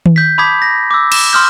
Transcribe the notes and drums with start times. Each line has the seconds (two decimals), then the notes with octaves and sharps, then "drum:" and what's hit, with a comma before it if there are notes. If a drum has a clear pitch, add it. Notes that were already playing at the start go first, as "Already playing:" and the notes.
0.06 drum: tom D#3
0.16 G6 B6
0.38 A5 B5 D6 D#6 G#6 B6
0.62 A#6
0.91 D6 E6
1.12 E7, drum: cymbal
1.33 C6 D#6 F6 G6